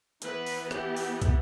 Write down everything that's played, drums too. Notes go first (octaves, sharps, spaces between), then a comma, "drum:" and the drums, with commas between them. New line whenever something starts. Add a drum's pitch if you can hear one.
E3 B3 B4, drum: hi-hat
drum: open hi-hat
G4, drum: rim click
drum: open hi-hat
drum: kick, hi-hat